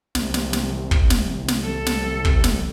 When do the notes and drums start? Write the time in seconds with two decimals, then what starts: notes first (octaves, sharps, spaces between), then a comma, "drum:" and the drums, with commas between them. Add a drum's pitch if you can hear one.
0.15 C2, drum: snare
0.34 drum: snare
0.53 drum: snare
0.91 drum: kick
1.10 drum: snare
1.48 drum: snare
1.63 A4
1.86 drum: snare
2.25 drum: kick
2.44 drum: snare